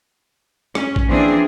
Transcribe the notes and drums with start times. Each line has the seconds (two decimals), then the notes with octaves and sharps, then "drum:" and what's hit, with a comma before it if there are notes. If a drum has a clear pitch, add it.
0.75 C#4, drum: rim click
0.96 drum: kick A1
1.07 E3 F3 A#3 C4 D4 G#4